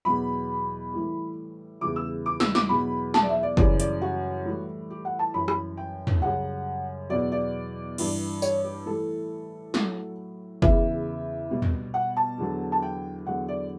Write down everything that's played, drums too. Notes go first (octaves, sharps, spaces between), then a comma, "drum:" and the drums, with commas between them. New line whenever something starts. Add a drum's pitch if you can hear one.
E2 B2 F#3 B5
A2 E3 G3
E2 C#3 E3 G3 D6
E6
D6
E6, drum: snare
D6, drum: snare
E2 B2 F#3 B5
A5, drum: snare
D5
E5
D5
F#2 C#3 E3 G3 D5, drum: kick F#1
D5, drum: hi-hat
F#4
A2 E3 G3
G4
F#5
A5
F#2 E3 G3 B5
B5, drum: rim click
G5
drum: tom
F#2 C#3 G3 F#5
E2 B2 F#3 D5
D5
G2 E3 G3, drum: cymbal
C#5, drum: tambourine
G4
A2 E3 G3 A4
A2 F#3, drum: snare
E2 C#3 E3 E5, drum: kick F#1
B2 G3
drum: tom
F#5
A5
E2 D3 F#3
A5
G5
E2 D3 F#3 F#5
D5